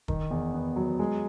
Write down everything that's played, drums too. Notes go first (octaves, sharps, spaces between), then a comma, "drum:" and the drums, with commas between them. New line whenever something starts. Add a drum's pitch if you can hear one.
D#3, drum: kick
E2
B3
F#3
G#3